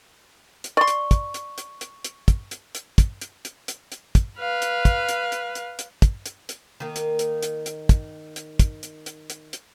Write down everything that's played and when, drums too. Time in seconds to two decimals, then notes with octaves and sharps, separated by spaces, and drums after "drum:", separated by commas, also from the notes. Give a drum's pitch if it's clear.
0.64 drum: hi-hat
0.77 D5 C6 C#6
0.88 drum: hi-hat
1.11 drum: kick, hi-hat
1.34 drum: hi-hat
1.58 drum: hi-hat
1.81 drum: hi-hat
2.04 drum: hi-hat
2.28 drum: kick, hi-hat
2.51 drum: hi-hat
2.75 drum: hi-hat
2.98 drum: kick, hi-hat
3.21 drum: hi-hat
3.45 drum: hi-hat
3.68 drum: hi-hat
3.92 drum: hi-hat
4.15 drum: kick, hi-hat
4.38 B4 F5
4.62 drum: hi-hat
4.85 drum: kick, hi-hat
5.09 drum: hi-hat
5.32 drum: hi-hat
5.55 drum: hi-hat
5.79 drum: hi-hat
6.02 drum: kick, hi-hat
6.26 drum: hi-hat
6.49 drum: hi-hat
6.80 D#3 A#3
6.96 drum: hi-hat
7.19 drum: hi-hat
7.43 drum: hi-hat
7.66 drum: hi-hat
7.89 drum: kick, hi-hat
8.36 drum: hi-hat
8.59 drum: kick, hi-hat
8.83 drum: hi-hat
9.06 drum: hi-hat
9.30 drum: hi-hat
9.53 drum: hi-hat